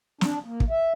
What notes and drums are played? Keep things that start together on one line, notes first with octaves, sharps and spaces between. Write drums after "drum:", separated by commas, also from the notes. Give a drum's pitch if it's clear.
D4, drum: snare
A#3
drum: kick
E5